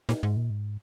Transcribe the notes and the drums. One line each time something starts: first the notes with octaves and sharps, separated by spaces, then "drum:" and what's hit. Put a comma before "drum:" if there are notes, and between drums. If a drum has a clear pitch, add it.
A#2, drum: snare D#4
G#2
A#2
G#2